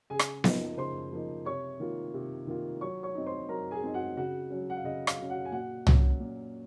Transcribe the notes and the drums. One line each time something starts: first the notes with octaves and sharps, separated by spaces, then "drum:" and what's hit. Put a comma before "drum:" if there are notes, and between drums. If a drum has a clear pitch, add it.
C#3 G#4 G#5
drum: rim click
F3 A#3 D#4, drum: snare B3
C#3 C5 C6
F3 A#3 D#4
C3 C#5 C#6
D#3 A#3 F4
C3
D#3 A#3 F4
F#3 C#5 C#6
C#5 C#6
C4 D#4
C5 C6
F#3 A#4 A#5
G#4 G#5
C4 D#4
F#4 F#5
C#3 F#4 F#5
F#3 C#4
F#5
F5
C#3 D#5
F5, drum: rim click
F#3 C#4
F#4 F#5
G#5
A#2 F#4 F#5
F#3 C#4, drum: tom
A#2